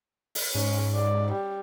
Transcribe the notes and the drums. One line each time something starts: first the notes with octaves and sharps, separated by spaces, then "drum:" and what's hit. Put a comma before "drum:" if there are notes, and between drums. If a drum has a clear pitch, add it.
drum: open hi-hat
G#2 C#4
D5
G3